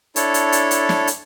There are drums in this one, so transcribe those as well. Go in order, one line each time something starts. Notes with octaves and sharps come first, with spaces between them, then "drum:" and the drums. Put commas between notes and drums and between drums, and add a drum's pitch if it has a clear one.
D4 E4 A4 C#5, drum: hi-hat
drum: hi-hat
drum: hi-hat
drum: hi-hat
drum: snare
drum: hi-hat